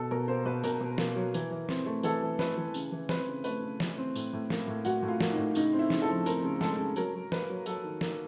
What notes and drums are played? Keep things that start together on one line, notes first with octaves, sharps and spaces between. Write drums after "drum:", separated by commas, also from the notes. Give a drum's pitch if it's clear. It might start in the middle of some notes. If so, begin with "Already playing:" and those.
Already playing: B2 A4
B2 A#4
A#3 C5
B2 B4
B2 A#4, drum: tambourine
B2
A#3, drum: snare
F#3
E3, drum: tambourine
E3
C4, drum: snare
A3
E3 A4, drum: tambourine
E3
A3 B4, drum: snare
E3
C#3, drum: tambourine
E3
C4 B4, drum: snare
C#3
A3 B4, drum: tambourine
C#3
E3, drum: snare
C4
A2, drum: tambourine
A2
A#3, drum: snare
A2
A2 F#4, drum: tambourine
A2
F4
A#3, drum: snare
A2 D#4
C#3 D#4, drum: tambourine
C4
E4
C#3, drum: snare
A4
F3
C4 A#4, drum: tambourine
C#3
G#3 A4, drum: snare
C#3
F#3 A#4, drum: tambourine
F#3
A#3 B4, drum: snare
F#3
F#3 A4, drum: tambourine
D#3
A#3, drum: snare